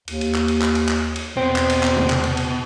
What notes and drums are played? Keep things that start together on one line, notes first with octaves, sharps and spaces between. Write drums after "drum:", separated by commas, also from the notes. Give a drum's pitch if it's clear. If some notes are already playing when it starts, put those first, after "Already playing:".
D#2, drum: cymbal
drum: cymbal
drum: clap
drum: cymbal
drum: clap
drum: cymbal
drum: clap
drum: cymbal
E2 B2 C4
drum: clap
drum: cymbal
drum: clap
drum: tom C3
drum: clap
drum: cymbal
drum: cymbal